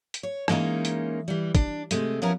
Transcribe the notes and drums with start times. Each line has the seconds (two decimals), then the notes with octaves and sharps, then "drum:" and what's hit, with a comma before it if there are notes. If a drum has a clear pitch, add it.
0.14 drum: hi-hat
0.23 C#5
0.48 E3 G#3 A#3 C#4 D#4, drum: rim click
0.85 drum: hi-hat
1.28 E3 G3
1.55 D4, drum: kick, hi-hat
1.91 C3 G#3 A3, drum: hi-hat
2.22 F3 B3 C#4 E4 A#4